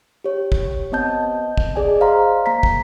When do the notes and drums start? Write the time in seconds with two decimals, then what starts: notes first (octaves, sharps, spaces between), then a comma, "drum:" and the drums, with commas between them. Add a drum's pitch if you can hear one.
0.24 G4 C#5
0.52 drum: kick
0.92 B3 C4 D#5 A5 G6
1.58 drum: kick
1.76 G#4 D5 D#5 G#5
2.00 C5 F5 A#5 C6
2.46 A#3 A#5 B6
2.63 drum: kick